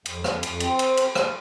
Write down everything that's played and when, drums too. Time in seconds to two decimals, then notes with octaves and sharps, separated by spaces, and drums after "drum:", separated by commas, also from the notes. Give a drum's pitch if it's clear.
0.06 F2, drum: cymbal
0.24 F2, drum: rim click
0.43 F2, drum: cymbal
0.60 C4, drum: cymbal
0.79 drum: cymbal
0.97 drum: cymbal
1.15 drum: rim click